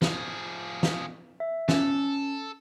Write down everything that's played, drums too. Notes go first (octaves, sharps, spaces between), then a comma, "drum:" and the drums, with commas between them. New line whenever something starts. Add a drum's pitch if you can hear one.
F3 G#4, drum: snare
drum: snare
E5
C#4 A4, drum: snare